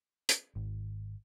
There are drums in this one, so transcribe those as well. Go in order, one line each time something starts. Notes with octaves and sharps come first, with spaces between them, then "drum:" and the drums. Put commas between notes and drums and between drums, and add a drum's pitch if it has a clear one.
drum: hi-hat
G#1